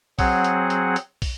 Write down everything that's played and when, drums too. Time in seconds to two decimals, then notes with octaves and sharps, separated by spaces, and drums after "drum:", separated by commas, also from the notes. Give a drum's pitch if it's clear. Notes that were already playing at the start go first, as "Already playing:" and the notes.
0.19 F#3 C4 G#4 F#5, drum: kick, open hi-hat
0.44 drum: hi-hat
0.70 drum: hi-hat
0.96 drum: hi-hat
1.22 drum: kick, open hi-hat